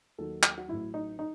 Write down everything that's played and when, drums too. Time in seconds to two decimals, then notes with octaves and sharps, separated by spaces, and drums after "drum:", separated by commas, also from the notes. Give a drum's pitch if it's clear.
0.18 D#2 D#3 F#3 A4
0.43 drum: clap
0.58 F#4
0.69 A1 A2 F#3 E4
0.94 D#4
1.19 D#4